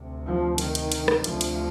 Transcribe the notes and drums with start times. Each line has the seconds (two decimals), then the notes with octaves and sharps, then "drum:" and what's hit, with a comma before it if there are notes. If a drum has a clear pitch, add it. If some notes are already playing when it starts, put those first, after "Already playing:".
Already playing: D2 C3
0.26 F3
0.58 D#3, drum: cymbal
0.75 drum: cymbal
0.92 drum: cymbal
1.08 drum: rim click
1.24 D2 C3 F3, drum: cymbal
1.41 drum: cymbal